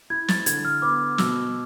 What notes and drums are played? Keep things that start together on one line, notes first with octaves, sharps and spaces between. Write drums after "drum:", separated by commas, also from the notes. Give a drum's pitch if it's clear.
E4 G#6
A6, drum: snare
D3 G#6, drum: hi-hat
F6
B3 D6
B2 E6, drum: snare